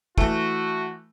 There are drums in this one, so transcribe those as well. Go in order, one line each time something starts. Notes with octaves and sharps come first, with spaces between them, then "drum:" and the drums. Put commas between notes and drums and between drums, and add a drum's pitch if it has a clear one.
E3 A3 F#4, drum: kick